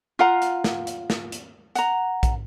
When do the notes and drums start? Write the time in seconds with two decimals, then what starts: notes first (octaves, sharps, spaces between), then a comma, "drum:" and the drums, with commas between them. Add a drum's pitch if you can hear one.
0.19 F4 F5 F#5 A#5
0.42 drum: hi-hat
0.64 drum: snare
0.87 drum: hi-hat
1.10 drum: snare
1.32 drum: hi-hat
1.75 F#5 A#5, drum: hi-hat
2.23 drum: kick A#1, hi-hat